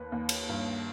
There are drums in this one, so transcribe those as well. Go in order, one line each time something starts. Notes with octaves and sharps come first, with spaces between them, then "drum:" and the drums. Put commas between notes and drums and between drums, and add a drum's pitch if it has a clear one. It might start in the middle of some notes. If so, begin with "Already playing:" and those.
Already playing: D#2 B4
D#2
drum: cymbal
G2